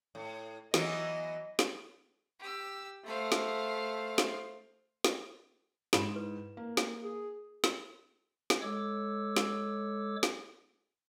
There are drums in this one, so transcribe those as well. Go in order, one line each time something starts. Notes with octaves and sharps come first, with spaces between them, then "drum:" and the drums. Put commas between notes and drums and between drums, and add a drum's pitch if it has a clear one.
A2
E3 F#3 B3 D#5, drum: snare
drum: snare
G4 E6
A3 C5 F5
drum: snare
drum: snare
drum: snare
G#2 E4 B5 E7, drum: snare
B4
A#3
drum: snare
G#4
drum: snare
drum: snare
G#3 A4 C#5 D6 E6
drum: snare
drum: snare